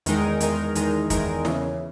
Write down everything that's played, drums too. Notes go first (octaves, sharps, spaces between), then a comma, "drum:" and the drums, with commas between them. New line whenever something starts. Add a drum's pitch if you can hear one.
E2 D#3 G#3 D#4 A#4, drum: hi-hat
E2 D#3 G#3 D#4 A#4, drum: hi-hat
E2 D#3 G#3 D#4 A#4, drum: hi-hat
E2 D#3 G#3 D#4 A#4, drum: kick, hi-hat
E2 C#3 E3, drum: snare